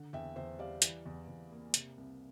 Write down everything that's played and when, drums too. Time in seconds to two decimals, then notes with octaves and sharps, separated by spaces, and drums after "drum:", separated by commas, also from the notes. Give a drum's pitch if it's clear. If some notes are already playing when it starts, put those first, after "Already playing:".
Already playing: D3
0.13 E2 E5 G5
0.36 E2 C5 E5
0.59 G3 D5 F5
0.82 E3, drum: hi-hat
1.06 E2
1.28 E2
1.52 A#3
1.74 C3, drum: hi-hat
1.98 C2